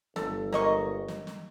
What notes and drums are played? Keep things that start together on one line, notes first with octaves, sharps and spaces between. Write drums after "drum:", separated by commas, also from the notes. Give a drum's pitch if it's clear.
G1 A4, drum: snare
A#3 D#5 C#6, drum: snare
drum: snare
drum: snare